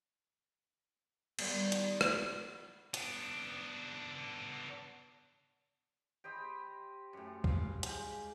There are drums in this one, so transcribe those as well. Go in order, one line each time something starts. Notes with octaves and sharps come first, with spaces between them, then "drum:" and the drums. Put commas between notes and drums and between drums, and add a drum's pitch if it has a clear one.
D#3 G3 B3, drum: cymbal
drum: hi-hat
drum: rim click
B3 D4, drum: hi-hat
G4 C5 D#5 B5
F#2 A2
G2 F5, drum: kick
G#2 G4, drum: hi-hat